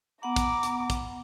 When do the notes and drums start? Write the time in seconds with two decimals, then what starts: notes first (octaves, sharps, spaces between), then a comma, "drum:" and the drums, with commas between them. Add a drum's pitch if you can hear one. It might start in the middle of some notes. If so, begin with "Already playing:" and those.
0.23 B3 F#5 A#5 D6
0.36 drum: kick, hi-hat
0.63 drum: hi-hat
0.90 drum: kick, hi-hat